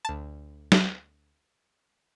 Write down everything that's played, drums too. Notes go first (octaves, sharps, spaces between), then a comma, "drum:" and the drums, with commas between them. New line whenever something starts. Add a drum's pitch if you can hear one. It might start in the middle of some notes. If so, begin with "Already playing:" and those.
D2 A5
drum: snare